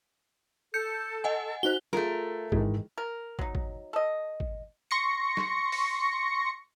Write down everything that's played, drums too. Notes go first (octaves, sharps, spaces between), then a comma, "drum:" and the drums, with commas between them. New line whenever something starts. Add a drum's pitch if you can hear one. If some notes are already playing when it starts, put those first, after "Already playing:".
A4 G6 C#7
D#5 F#5 G#5
D#4 F#4 C5 F#6 G7
A3 F4 G#4 A#4 F5, drum: snare
G#2 D#3 E3 G#3, drum: kick
A#4
F#3 D#4, drum: kick
drum: kick
A4 D#5
drum: kick
C6 C#6 A#6 C#7
drum: snare
drum: open hi-hat